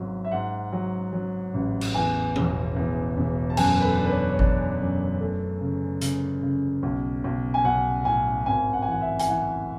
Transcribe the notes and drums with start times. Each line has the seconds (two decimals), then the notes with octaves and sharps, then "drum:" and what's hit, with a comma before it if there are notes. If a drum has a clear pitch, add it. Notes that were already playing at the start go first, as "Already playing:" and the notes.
Already playing: G#1 G#2 F#3
0.25 E5
0.32 G#2 F#5
0.72 F#3
1.13 F#3
1.54 A1
1.81 drum: cymbal
1.94 E2 G#5
2.36 E1, drum: tom E3
2.76 E2
3.17 E1
3.50 A5
3.57 F#2 G#5, drum: cymbal
3.80 B4
3.84 A4
3.98 D4
4.06 B4
4.12 C#5
4.33 C#5
4.39 D4 D5, drum: kick G#1
4.80 F#2
5.21 A3
5.61 C#3
6.01 C#3, drum: hi-hat
6.42 C#3
6.83 B1
7.24 B1
7.54 G#5
7.65 B1 F#5
8.05 A2 G#5
8.46 G#1 G#5
8.73 F#5
8.82 G#5
8.87 E3 F#5
9.01 E5
9.19 G#5, drum: hi-hat
9.28 E3 F#5